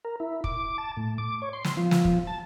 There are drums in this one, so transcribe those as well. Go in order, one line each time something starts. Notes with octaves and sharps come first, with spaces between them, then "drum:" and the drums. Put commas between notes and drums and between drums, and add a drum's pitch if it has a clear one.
A#4
E4
D6, drum: kick
A5
A2
D6
C#5
C6
drum: snare
F3
drum: snare
drum: kick
A5